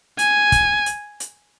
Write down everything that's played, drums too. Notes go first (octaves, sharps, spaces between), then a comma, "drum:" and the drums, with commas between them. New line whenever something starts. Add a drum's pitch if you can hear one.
G#5, drum: hi-hat
drum: kick, hi-hat
drum: hi-hat
drum: hi-hat